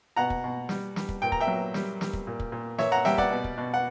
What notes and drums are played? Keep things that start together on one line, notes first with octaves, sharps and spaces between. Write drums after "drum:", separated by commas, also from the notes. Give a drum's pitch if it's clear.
B2 F#5 A#5
drum: kick
B2
G3, drum: snare
G3, drum: snare
drum: kick
A#2 G5
A#5, drum: kick
E5 G5
F#3
G3, drum: snare
G3, drum: snare
drum: kick
A#2
drum: kick
A#2
A#2 C#5 E5, drum: snare
F#5 A#5
G3 E5 G5, drum: snare
D5 F#5, drum: kick
B2
drum: kick
B2
F#5